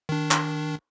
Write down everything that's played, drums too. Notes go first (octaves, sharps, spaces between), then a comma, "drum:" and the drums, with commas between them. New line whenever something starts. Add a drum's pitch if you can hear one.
D#3 D4
drum: clap